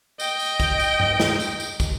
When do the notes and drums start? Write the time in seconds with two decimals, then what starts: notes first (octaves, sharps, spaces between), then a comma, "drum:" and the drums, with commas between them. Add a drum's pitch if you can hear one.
0.20 D#5 G5, drum: tambourine
0.40 drum: tambourine
0.60 drum: kick, tambourine
0.80 drum: tambourine
1.00 drum: tom G2
1.20 drum: snare
1.40 drum: tambourine
1.60 drum: tambourine
1.80 drum: kick, tambourine